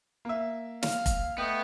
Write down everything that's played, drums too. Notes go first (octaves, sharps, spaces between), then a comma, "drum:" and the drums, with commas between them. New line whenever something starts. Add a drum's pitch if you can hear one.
A#3 E5
F5, drum: snare
drum: kick F1, hi-hat
A3 B3 D#5 G5